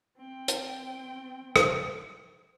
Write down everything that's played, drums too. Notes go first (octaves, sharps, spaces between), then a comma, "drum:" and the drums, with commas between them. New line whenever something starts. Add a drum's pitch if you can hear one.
C4 G5
drum: hi-hat
drum: rim click